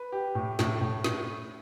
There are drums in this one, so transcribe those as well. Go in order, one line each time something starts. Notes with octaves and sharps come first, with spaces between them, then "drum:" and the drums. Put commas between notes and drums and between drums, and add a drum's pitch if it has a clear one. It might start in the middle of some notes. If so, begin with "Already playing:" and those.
Already playing: B4
G4
A2
A2, drum: snare
A2
drum: snare